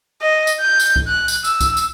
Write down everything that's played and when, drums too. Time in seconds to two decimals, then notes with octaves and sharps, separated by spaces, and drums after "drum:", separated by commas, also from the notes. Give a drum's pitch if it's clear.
0.22 D#5
0.47 drum: tambourine
0.60 G6
0.80 drum: tambourine
0.96 drum: kick C2
1.07 F#6
1.28 drum: tambourine
1.44 E6, drum: tambourine
1.61 drum: kick C2, tambourine
1.77 drum: tambourine